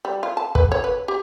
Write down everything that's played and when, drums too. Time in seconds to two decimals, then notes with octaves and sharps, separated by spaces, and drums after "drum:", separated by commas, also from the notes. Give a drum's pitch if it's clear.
0.05 G3
0.23 F4
0.37 A5
0.55 B4, drum: kick
0.72 C#5
0.84 B4
1.08 G4